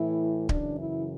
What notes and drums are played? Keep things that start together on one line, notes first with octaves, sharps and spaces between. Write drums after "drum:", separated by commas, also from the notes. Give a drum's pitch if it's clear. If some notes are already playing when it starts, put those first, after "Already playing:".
Already playing: A2 E3 E4
F#2 C#3 E3 D4, drum: kick D1
E4